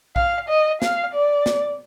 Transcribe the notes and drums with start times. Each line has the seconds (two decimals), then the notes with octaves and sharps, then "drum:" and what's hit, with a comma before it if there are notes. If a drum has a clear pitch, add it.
0.16 F5, drum: kick A#1
0.48 D#5
0.82 F5, drum: snare
1.14 D5
1.46 drum: snare